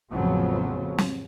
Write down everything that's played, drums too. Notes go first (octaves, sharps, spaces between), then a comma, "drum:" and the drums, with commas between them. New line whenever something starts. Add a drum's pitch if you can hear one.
A1 F2 C#3 F3 F#3 B3
drum: snare